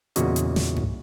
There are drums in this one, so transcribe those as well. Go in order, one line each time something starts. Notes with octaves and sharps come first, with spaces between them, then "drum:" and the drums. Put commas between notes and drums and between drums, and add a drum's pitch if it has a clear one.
E2 A#2 C#3 F#4 D#5, drum: hi-hat
drum: hi-hat
drum: snare
drum: tom G2